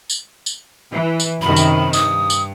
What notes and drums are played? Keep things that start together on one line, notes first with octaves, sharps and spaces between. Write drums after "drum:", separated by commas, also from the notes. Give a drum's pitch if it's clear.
drum: tambourine
drum: tambourine
E3
drum: tambourine
F#2 C3 D#3 B5
drum: tambourine
G2 D#6, drum: tambourine
drum: tambourine